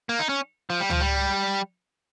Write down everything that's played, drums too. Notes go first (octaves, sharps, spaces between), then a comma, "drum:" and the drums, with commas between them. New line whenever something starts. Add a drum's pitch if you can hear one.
A#3
D#4
C#4
F3
G3
F3, drum: tom C#2
G3